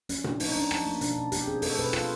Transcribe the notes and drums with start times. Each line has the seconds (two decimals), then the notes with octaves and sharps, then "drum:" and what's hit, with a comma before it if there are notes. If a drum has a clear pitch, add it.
0.09 F3 C#4, drum: hi-hat
0.24 F3 D4, drum: tom A#2
0.40 A#3 D#4, drum: open hi-hat
0.55 C#4 D4
0.71 F3, drum: rim click
0.86 A#3
1.01 B2 D4, drum: hi-hat
1.16 B2
1.32 G3 G4, drum: hi-hat
1.47 C4 G#4
1.62 C4 A4, drum: open hi-hat
1.78 B2 B4
1.93 B2 F4, drum: rim click